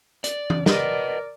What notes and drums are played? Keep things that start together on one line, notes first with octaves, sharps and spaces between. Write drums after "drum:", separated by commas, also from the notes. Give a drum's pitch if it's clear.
D5, drum: hi-hat
drum: tom E3
A#4 B4 D5 D#5, drum: snare